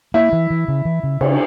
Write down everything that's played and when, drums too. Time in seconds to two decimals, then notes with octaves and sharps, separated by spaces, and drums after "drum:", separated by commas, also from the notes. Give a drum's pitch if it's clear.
0.14 A#3 E4
0.33 E3
0.50 E3
0.68 C#3
0.85 E3
1.03 C#3
1.21 C#3, drum: cymbal